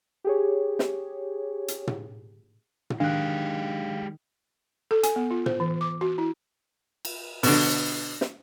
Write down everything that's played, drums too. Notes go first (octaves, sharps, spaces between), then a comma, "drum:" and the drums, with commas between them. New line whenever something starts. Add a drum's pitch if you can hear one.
G4 G#4 C#5
drum: snare
drum: hi-hat
drum: tom
drum: tom
D#3 G#3 D4 G4 F5 F#6
A4
G#5, drum: hi-hat
B3
F4
C5, drum: tom
E3
D6
F#4
E4
drum: cymbal
B2 D3, drum: open hi-hat
drum: snare